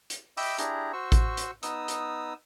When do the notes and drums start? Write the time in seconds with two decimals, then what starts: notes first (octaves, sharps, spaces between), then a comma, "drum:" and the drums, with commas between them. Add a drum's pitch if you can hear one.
0.10 drum: hi-hat
0.37 D#5 E5 G5 B5 D6 E6, drum: open hi-hat
0.58 D4 E4 G4 G#4 A#5, drum: hi-hat
0.93 F#4 C5 C#6 E6
1.12 drum: kick A1, hi-hat
1.37 drum: hi-hat
1.63 B3 D#4 D#6 E6, drum: hi-hat
1.88 drum: hi-hat